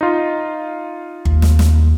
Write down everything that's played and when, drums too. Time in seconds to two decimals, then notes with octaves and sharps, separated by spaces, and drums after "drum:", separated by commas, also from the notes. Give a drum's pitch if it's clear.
0.01 D#4 F4
1.25 D#2, drum: kick G1
1.42 drum: snare
1.59 drum: snare